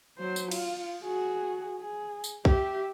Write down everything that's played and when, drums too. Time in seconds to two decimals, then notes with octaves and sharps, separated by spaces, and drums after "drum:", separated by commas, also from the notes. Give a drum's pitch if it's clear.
0.18 F#3 C5
0.36 drum: tambourine
0.51 F4, drum: cymbal
1.03 F#4 G#4
1.79 G#4
2.24 drum: tambourine
2.45 G4 E5, drum: kick